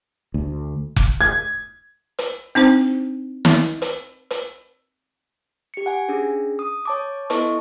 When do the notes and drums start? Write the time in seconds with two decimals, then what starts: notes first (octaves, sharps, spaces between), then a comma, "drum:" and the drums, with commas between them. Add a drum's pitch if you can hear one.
0.34 D2
0.96 drum: kick F1
1.21 G#6
2.19 drum: hi-hat
2.55 C4 D4 D#4 C5
3.45 drum: snare
3.82 drum: hi-hat
4.30 drum: hi-hat
5.74 G4 C#7
5.86 F#5 G#5
6.09 C#4 D4 G#4
6.59 D#6
6.85 C#5 A5 D6
7.30 B3 E4 A4 D#5 A5 C#6, drum: hi-hat